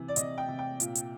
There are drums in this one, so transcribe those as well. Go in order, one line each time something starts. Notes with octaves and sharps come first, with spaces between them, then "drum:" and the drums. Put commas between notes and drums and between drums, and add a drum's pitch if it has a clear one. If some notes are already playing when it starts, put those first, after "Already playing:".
Already playing: C3 E3
D5
C3 D#5, drum: hi-hat
G5
C3
G5
A#2, drum: hi-hat
drum: hi-hat